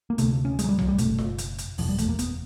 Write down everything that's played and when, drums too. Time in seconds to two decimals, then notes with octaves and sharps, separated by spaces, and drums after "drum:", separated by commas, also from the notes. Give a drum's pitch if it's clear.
0.10 A#3
0.18 D2 C3 A3, drum: hi-hat
0.45 C#4
0.59 G#3, drum: hi-hat
0.64 F#3
0.69 G3
0.79 F#3, drum: tom B1
0.88 G3
0.99 F#1 E2 B2 A3, drum: kick, hi-hat
1.18 drum: snare F4
1.39 drum: hi-hat
1.59 drum: hi-hat
1.78 F#1 E2 B2 F3, drum: open hi-hat
1.89 G3
1.99 A3, drum: kick, hi-hat
2.09 A#3
2.19 B3, drum: hi-hat